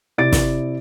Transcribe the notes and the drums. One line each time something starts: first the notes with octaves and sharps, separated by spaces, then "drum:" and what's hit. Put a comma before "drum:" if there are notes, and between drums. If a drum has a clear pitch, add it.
C3 E4 D5 A6 D7
drum: snare